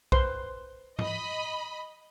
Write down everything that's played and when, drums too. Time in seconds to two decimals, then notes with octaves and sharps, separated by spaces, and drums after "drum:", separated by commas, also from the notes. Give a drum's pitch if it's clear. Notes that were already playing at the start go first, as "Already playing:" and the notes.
0.12 B4 C5 C6, drum: kick
0.99 D#5 B5, drum: tom G#2